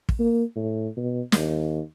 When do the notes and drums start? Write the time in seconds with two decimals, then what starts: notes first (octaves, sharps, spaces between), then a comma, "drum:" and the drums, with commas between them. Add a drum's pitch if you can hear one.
0.09 drum: kick
0.20 A#3
0.56 A2
0.97 B2
1.32 D#2, drum: snare